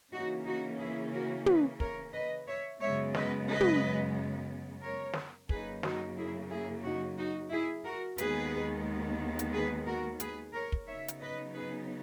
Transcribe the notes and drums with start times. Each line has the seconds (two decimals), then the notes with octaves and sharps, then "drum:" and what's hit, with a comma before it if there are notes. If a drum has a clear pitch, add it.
0.12 C#3 E3 A#3 C#4 D#4 F#4
0.46 D#4 F#4
0.79 E4 G#4
1.13 F#4 A#4
1.46 G#4 B4, drum: tom
1.80 A#4 C#5, drum: kick
2.14 B4 D#5
2.47 C#5 E5
2.81 F#2 C#3 G#3 B3 C#5 E5
3.15 B4 D#5, drum: snare
3.48 B4 D#5
3.61 drum: tom
4.82 A#4 C#5
5.13 drum: snare
5.49 F#2 C#3 F#3 A#3 D#4 G#4 B4, drum: kick
5.83 D#4 F#4, drum: snare
6.17 E4 G#4
6.50 E4 G#4
6.84 D#4 F#4
7.18 D#4 F#4
7.51 E4 G#4
7.85 F#4 A#4
8.18 D#2 D#3 G#3 B3 G#4 B4, drum: hi-hat
9.39 drum: hi-hat
9.53 G#4 B4
9.86 F#4 A#4
10.20 G#4 B4, drum: hi-hat
10.54 A#4 C#5
10.72 drum: kick
10.87 C#3 F#3 B3 D#4 C#5 E5
11.08 drum: hi-hat
11.20 B4 D#5
11.54 G#4 B4